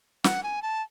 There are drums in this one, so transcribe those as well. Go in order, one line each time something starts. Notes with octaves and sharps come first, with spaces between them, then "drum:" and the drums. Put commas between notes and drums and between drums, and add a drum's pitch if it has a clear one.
F#5, drum: snare
G#5
A5